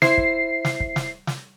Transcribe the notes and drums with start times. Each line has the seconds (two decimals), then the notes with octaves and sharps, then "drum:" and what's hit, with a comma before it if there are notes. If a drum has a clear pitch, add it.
0.02 E4 C5 C7, drum: snare
0.18 drum: kick
0.65 drum: snare
0.80 drum: kick
0.96 drum: snare
1.27 drum: snare